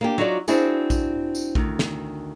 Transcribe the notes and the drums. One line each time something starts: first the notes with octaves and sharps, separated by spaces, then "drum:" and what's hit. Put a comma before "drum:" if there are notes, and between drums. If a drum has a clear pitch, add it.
A#3 D4 G4
F#3 D#4 F4 F#4 C#5 D5
C4 D4 E4 F#4 G#4, drum: tambourine
drum: kick A#1, tambourine
drum: tambourine
D2 D#3, drum: kick A#1
drum: snare